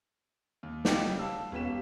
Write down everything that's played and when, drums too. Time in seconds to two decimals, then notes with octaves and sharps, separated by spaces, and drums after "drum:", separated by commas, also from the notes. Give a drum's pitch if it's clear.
0.63 D#2
0.85 F4 F#4 D5 D#5 G5, drum: snare
1.05 C#3 G3
1.19 F5 A5 E6
1.52 E1 B1 B3 C#4 B6 E7
1.65 G4 F5